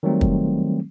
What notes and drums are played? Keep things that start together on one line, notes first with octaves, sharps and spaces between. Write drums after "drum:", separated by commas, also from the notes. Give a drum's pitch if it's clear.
D#3 F#3 G3 A3 C4
drum: kick